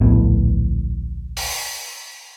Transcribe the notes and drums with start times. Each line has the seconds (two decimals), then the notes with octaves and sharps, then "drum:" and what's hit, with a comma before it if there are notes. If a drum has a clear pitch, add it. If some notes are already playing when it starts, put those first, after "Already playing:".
0.01 D1 A#1 A2 B3
1.37 drum: open hi-hat